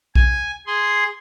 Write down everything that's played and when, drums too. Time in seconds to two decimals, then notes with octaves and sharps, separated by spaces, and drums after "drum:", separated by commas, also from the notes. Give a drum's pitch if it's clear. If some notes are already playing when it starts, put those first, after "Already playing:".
0.15 G#5, drum: kick A#1
0.66 G#4 C6